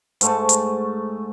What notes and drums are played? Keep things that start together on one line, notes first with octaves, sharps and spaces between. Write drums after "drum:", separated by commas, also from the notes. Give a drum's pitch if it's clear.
G#2 A3 A5, drum: hi-hat
drum: hi-hat